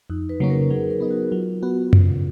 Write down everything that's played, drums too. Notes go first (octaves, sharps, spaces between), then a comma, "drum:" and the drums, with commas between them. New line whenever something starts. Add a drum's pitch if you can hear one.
F2 D#4
B4
C#3 F#3 A#3 C#4
A#4
F#3 G#4
A#4
B3 D#4
F#4
F#3 F4
B3 F#4
C#3, drum: tom F#2